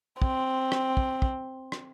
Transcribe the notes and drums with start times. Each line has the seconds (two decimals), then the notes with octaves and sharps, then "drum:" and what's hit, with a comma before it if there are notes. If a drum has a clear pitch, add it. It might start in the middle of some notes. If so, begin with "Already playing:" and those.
0.22 C4, drum: kick
0.72 drum: rim click
0.97 drum: kick
1.22 drum: kick
1.72 drum: rim click